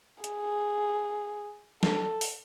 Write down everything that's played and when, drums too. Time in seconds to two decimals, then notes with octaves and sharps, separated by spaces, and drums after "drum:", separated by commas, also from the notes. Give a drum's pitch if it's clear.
0.24 G#4, drum: hi-hat
1.83 A4, drum: snare
2.21 drum: open hi-hat